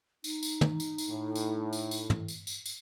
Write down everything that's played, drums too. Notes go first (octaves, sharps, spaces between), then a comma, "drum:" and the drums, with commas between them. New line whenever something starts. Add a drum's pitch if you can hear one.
D#4, drum: tambourine
drum: tambourine
drum: tom
drum: tambourine
drum: tambourine
A2
drum: tambourine
drum: tambourine
drum: tambourine
drum: tom
drum: tambourine
drum: tambourine
drum: tambourine